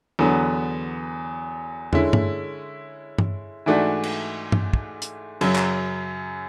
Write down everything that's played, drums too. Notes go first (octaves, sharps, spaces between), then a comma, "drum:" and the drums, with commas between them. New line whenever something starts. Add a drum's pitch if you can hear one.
E2 D3 F#3 B3
D3 G#3 C#4 E4, drum: tom
drum: tom G2
drum: tom G2
G#2 E3 A3 D4 F#4
drum: cymbal
drum: tom G2
drum: kick
drum: hi-hat
F#2 C#3 F#3, drum: cymbal
drum: clap